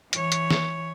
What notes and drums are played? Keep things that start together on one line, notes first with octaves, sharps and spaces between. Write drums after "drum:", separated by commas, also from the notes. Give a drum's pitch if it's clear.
E3 C#5, drum: hi-hat
drum: hi-hat
drum: snare